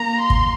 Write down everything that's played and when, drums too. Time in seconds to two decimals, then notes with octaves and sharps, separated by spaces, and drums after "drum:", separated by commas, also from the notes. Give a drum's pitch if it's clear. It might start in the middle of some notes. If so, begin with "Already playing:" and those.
Already playing: A#3 A#5
0.21 C6
0.30 drum: kick